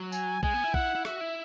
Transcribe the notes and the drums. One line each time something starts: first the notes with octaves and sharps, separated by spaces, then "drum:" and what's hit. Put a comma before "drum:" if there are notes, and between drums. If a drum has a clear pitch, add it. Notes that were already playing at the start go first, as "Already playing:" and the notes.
Already playing: F#3
G#5, drum: tambourine
G#3 G#5, drum: kick A#1
B3
E4
F#5, drum: kick A#1
E4
F#4 E5, drum: rim click
E4